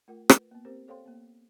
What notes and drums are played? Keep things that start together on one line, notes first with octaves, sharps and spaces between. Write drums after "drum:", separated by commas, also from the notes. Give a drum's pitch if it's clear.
A3 F4 A#4 F#5 G5
B4, drum: rim click
A#3 B3
C4 G4 A#4 C5
A4 C5 C#5 F5 G5 C6
A#3 B3